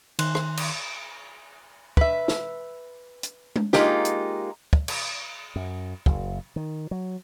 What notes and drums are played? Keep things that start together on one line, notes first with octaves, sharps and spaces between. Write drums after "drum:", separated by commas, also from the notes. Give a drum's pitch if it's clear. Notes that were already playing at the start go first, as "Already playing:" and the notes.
D#3 C6 F#6, drum: cymbal
drum: rim click
drum: cymbal
B4 E5, drum: kick
drum: snare
drum: hi-hat
drum: tom G#3
G#3 A#3 D#4 F4 G4, drum: snare
drum: hi-hat
drum: kick
drum: cymbal
F#2
F#1, drum: kick
D#3
F#3